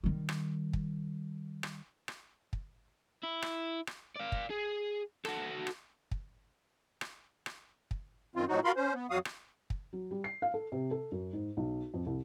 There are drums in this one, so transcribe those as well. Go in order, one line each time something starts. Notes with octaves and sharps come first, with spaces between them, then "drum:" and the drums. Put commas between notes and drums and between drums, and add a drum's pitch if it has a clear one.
D#3 G3
drum: rim click
drum: kick
drum: rim click
drum: rim click
drum: kick
E4
drum: rim click
drum: rim click
D5 F5
drum: kick
G#4
F#4 A4, drum: rim click
drum: rim click
drum: kick
drum: rim click
drum: rim click
drum: kick
F#2 D#3 C4 F4
A2 F3 F#3 D#4 F#4
F4 F#4 A#4 F5 B5 C6
C#4 C5
B3
F2 F#3 F#4 F5 D#6
drum: rim click
drum: kick
F#3
G3
C7
F5
A4
C3
A4
F#2
G#2
B1
F2
C2